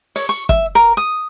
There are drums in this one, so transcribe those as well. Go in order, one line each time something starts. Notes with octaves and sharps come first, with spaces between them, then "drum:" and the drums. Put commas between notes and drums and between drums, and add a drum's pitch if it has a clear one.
C#5, drum: open hi-hat
C#6
E5, drum: kick F#1
A#4
D#6